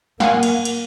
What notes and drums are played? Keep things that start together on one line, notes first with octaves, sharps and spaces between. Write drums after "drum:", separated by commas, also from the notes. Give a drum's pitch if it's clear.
A#3 F5 F#5 G#5, drum: snare
drum: cymbal
drum: cymbal